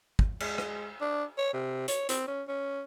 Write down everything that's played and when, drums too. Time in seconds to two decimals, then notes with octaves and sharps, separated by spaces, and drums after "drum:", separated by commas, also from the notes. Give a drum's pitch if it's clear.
0.19 drum: kick
0.40 G#3, drum: cymbal
0.58 drum: rim click
1.01 D4
1.38 C#5
1.53 C3
1.88 C#5, drum: hi-hat
2.09 C4, drum: hi-hat
2.27 C#4
2.48 C#4